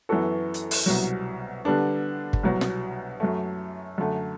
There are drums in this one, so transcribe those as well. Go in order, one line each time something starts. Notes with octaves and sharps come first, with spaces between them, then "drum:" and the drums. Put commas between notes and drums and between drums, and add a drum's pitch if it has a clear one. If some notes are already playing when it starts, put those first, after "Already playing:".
F#2 E3 B3 F#4 A4
drum: hi-hat
drum: open hi-hat
C2 B2 F#3
D3 G3 B3 D4
drum: kick
C2 B2 F#3
drum: snare
F#2 F#3 A3
F#2 D3 A3